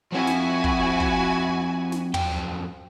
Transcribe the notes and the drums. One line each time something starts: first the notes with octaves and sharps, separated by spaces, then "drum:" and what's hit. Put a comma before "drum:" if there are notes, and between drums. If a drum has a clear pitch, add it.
F3 C4 E4 F#4 G#5
drum: snare
drum: kick
drum: kick
drum: snare
F2 F#3 G5, drum: tom